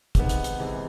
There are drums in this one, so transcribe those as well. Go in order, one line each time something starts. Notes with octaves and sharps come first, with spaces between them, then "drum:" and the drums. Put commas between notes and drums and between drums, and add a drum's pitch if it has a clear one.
C3 D#3 G#3 B3, drum: kick, hi-hat
drum: hi-hat
drum: hi-hat
C3 E3 G#3